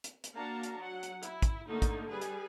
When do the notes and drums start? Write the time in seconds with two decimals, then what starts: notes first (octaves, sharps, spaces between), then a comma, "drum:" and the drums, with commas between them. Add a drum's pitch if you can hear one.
0.04 drum: hi-hat
0.24 drum: hi-hat
0.35 A#3 D4 F#4 F5 A5 A#5
0.63 drum: hi-hat
0.77 F#3 F#5
1.03 drum: hi-hat
1.23 E4, drum: hi-hat
1.42 drum: kick, hi-hat
1.68 D3 A3 A#3 D#4
1.82 drum: kick, hi-hat
2.10 G3 G#4 B4 G#5
2.22 drum: hi-hat